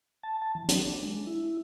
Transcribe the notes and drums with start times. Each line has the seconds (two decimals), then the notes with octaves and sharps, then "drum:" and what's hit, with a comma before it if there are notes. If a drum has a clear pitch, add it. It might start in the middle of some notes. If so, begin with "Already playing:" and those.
0.23 A5
0.42 A5
0.55 E3
0.68 F#3, drum: hi-hat
0.86 D4
1.02 G#3
1.27 E4